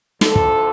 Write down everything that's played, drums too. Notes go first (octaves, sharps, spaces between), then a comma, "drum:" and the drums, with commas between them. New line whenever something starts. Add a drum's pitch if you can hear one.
D2 D3 F3 A4, drum: snare
drum: kick